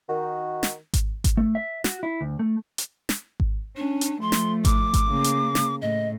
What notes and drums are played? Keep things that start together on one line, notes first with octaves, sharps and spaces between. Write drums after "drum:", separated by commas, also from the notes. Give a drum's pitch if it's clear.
D#3 F#4
drum: snare
drum: kick G#1, hi-hat
drum: kick G#1, hi-hat
A3
E5
F#4, drum: snare
E4
D2
A3
drum: hi-hat
drum: snare
drum: kick G#1
C#4 D4
drum: hi-hat
F3 A3 C6
drum: snare
D6, drum: kick G#1, hi-hat
drum: kick G#1, hi-hat
C#3 A#3
drum: hi-hat
drum: snare
A2 D#5